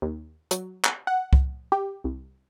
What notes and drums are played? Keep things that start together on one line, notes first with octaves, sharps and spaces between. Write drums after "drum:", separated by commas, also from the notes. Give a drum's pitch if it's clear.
D#2
F#3, drum: hi-hat
drum: clap
F#5
drum: kick C2
G4
C2